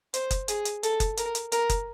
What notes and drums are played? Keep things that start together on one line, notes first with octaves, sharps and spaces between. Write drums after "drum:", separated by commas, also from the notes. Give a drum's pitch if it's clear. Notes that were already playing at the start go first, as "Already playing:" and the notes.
C5, drum: hi-hat
drum: kick F#1, hi-hat
G#4, drum: hi-hat
drum: hi-hat
A4, drum: hi-hat
drum: kick F#1, hi-hat
A#4, drum: hi-hat
drum: hi-hat
A#4, drum: hi-hat
drum: kick F#1, hi-hat